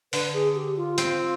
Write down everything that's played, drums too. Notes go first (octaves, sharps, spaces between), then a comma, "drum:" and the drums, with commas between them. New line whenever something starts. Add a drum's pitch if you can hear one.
D3 B4, drum: open hi-hat
G#4
G4
F4
C4, drum: hi-hat